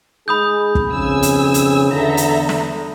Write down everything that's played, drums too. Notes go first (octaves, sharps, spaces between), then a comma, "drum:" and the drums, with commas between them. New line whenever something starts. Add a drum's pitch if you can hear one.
G#3 D#4 G#4 B5 D#6 G6
drum: kick
B1 F2 C#3 G#5 E6
drum: hi-hat
drum: hi-hat
E2 D3 A4 E5 A#5
drum: hi-hat
drum: snare